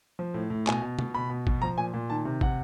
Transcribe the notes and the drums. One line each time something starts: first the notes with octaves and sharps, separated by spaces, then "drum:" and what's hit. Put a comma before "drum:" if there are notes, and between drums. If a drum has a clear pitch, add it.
F3
A2
A2
B2 G#5, drum: clap
B2
B2, drum: tom B2
B2 B5
B2
B2, drum: kick
F3 A#5
A#2 G#5
A#2
D#3 A5
C3
C3 F#5, drum: kick